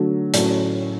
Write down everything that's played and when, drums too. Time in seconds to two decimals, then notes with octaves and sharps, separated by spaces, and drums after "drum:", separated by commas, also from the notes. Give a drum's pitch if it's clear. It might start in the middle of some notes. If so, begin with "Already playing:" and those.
Already playing: D3 F#3 A3
0.34 A2 F#3 A3 C#4, drum: hi-hat